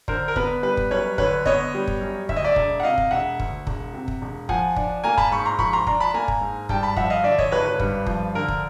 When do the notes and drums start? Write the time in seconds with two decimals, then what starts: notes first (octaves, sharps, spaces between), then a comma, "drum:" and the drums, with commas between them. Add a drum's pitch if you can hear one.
0.08 D3 A#4 C5, drum: kick
0.28 A#4
0.36 B3 B4, drum: kick
0.63 G3 B4
0.77 drum: kick
0.91 F#2 B4 C#5
1.18 D3 B4 C#5, drum: kick
1.46 B3 C#5 D#5, drum: kick
1.74 G3
1.87 drum: kick
2.01 F#2
2.29 D2 E5, drum: kick
2.36 D#5
2.44 D5 E5
2.56 E1, drum: kick
2.80 F#5
2.83 C3 D#5 F5
2.98 drum: kick
3.11 E1 E5 F#5
3.40 D2, drum: kick
3.67 E1, drum: kick
3.93 C3
4.08 drum: kick
4.22 E1
4.49 F3 F#5 G#5, drum: kick
4.76 D4, drum: kick
5.04 A#3 G#5 A#5
5.18 A5 B5, drum: kick
5.32 G#2 B5 C#6
5.46 A#5 C6
5.59 F3 B5 C#6, drum: kick
5.73 A#5 C6
5.87 D4 A#5 C6, drum: kick
6.00 A5 B5
6.14 A#3 G#5 A#5
6.28 drum: kick
6.41 G#2
6.69 G2 G5 A5, drum: kick
6.83 A5 B5
6.97 F3 E5 F#5, drum: kick
7.10 D#5 F5
7.24 D3 D5 E5
7.38 C#5 D#5, drum: kick
7.51 G#1 B4 C#5
7.66 B4
7.80 G2, drum: kick
8.07 F3, drum: kick
8.35 D3 A#4
8.48 drum: kick